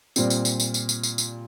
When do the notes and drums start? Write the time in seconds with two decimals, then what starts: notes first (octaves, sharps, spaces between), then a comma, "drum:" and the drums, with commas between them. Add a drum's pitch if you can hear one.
0.16 A#2 G3 C4, drum: tambourine
0.30 drum: tambourine
0.45 drum: tambourine
0.60 drum: tambourine
0.74 drum: tambourine
0.89 drum: tambourine
1.03 drum: tambourine
1.18 drum: tambourine